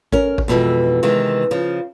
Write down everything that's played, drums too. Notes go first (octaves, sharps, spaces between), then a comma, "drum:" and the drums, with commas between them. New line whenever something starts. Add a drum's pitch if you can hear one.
C#4 A#4, drum: kick A1
drum: kick A1
F2 B2 E3 G#3
C3 D#3 E3 G#3
C#3 F3